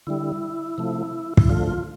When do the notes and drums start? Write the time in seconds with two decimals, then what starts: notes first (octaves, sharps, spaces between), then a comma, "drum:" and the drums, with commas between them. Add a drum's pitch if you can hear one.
0.07 D3 G3 E4
0.78 C3 F3 A3
1.37 E4, drum: kick
1.49 D3 F3 A3 F4
1.67 F4